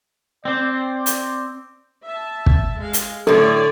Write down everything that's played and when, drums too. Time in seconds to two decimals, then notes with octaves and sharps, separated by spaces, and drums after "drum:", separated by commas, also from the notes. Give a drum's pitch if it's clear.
0.45 C4 C5 D5
1.06 drum: hi-hat
2.04 E5 A5
2.46 drum: kick
2.78 G#3 F5
2.93 drum: hi-hat
3.27 A2 D3 A3 A4 C#5 D5